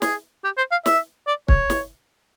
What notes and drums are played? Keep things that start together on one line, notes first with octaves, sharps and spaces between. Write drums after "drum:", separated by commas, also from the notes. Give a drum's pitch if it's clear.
G#4, drum: snare
G4
C5
F5
E5, drum: snare
D5
C#5, drum: kick
drum: snare